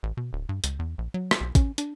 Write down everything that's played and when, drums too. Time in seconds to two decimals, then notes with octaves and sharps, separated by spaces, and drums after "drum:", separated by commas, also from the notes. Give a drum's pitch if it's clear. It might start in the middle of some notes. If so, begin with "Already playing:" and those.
0.03 A1
0.17 B2
0.33 D1
0.49 G2
0.64 C#2, drum: hi-hat
0.79 E2
0.98 A#1
1.14 F#3
1.31 drum: rim click
1.41 B1
1.55 C#4, drum: kick, hi-hat
1.78 D4, drum: hi-hat